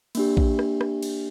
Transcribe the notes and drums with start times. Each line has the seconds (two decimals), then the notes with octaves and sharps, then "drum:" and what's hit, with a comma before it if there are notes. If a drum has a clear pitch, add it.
0.15 A#3 D4 G4, drum: cymbal
0.37 drum: kick A#1
0.59 drum: rim click
0.81 drum: rim click
1.03 drum: cymbal